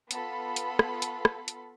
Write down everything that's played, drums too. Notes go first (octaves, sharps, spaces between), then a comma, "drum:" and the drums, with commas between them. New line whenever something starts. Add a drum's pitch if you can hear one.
B3 F4 A4 B5, drum: hi-hat
drum: hi-hat
drum: rim click
drum: hi-hat
drum: rim click
drum: hi-hat